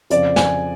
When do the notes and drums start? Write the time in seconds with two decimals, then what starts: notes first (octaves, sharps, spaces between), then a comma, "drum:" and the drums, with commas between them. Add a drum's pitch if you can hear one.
0.10 F2 C#3 F3 D5, drum: hi-hat
0.36 G#5, drum: snare